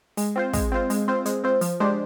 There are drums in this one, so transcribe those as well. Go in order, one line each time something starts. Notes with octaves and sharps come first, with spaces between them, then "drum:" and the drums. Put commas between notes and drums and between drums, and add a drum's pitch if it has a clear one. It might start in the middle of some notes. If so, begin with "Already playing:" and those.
G#3, drum: open hi-hat
C4 F4 C5
G#3, drum: kick, open hi-hat
C4 F4 C5
G#3, drum: open hi-hat
C4 F4 C5
G#3, drum: hi-hat
C4 F4 C5
F3, drum: open hi-hat
G#3 D4 G4 C5